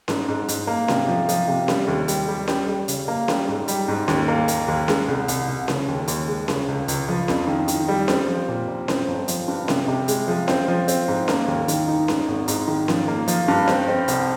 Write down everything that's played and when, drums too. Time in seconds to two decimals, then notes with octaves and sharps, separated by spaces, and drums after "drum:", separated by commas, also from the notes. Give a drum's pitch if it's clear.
0.08 G#2, drum: snare C#4
0.28 G#2
0.48 G#2, drum: hi-hat
0.67 A#3
0.88 C3, drum: snare C#4
1.08 F3
1.29 F3, drum: hi-hat
1.48 C3
1.68 G3, drum: snare C#4
1.88 D#2
2.08 G3, drum: hi-hat
2.28 G3
2.48 G3, drum: snare C#4
2.68 G3
2.88 C#3, drum: hi-hat
3.08 A#3
3.28 G3, drum: snare C#4
3.48 G#2
3.68 G3, drum: hi-hat
3.88 G#2
4.08 D#2, drum: snare C#4
4.28 A#3
4.48 A#3, drum: hi-hat
4.68 D#2
4.88 G#3, drum: snare C#4
5.08 C2
5.28 C2, drum: hi-hat
5.48 C2
5.68 C#3, drum: snare C#4
5.88 D#2
6.08 D#2, drum: hi-hat
6.28 G#3
6.48 C#3, drum: snare C#4
6.68 C#2
6.88 C#2, drum: hi-hat
7.09 F3
7.28 F2, drum: snare C#4
7.47 D#3
7.68 D#3, drum: hi-hat
7.88 G3
8.08 C4, drum: snare C#4
8.28 F3
8.48 A#2
8.68 A#2
8.88 C4, drum: snare C#4
9.08 G1
9.28 F3, drum: hi-hat
9.48 G2
9.68 C3, drum: snare C#4
9.88 C3
10.08 G#3, drum: hi-hat
10.28 F3
10.48 C4, drum: snare C#4
10.68 F3
10.88 C4, drum: hi-hat
11.08 G#2
11.28 A#3, drum: snare C#4
11.48 D#2
11.68 D#3, drum: hi-hat
11.88 D#4
12.08 G#2, drum: snare C#4
12.28 G#1
12.48 G#2, drum: hi-hat
12.68 D#3
12.88 F3, drum: snare C#4
13.08 A#3
13.28 F3, drum: hi-hat
13.48 G2
13.68 C4, drum: snare C#4
13.88 C4
14.08 C2, drum: hi-hat